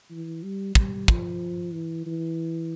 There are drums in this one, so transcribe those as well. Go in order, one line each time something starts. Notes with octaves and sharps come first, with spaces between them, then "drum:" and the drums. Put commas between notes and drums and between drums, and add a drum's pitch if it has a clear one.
E3
G3
G3, drum: kick
F3, drum: kick
E3
E3